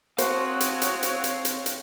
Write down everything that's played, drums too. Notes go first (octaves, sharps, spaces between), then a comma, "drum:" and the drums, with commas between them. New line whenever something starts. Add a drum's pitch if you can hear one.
C4 F#4 C5 C#5 F5 A5, drum: hi-hat
drum: hi-hat
drum: hi-hat
drum: hi-hat
drum: hi-hat
drum: hi-hat
drum: hi-hat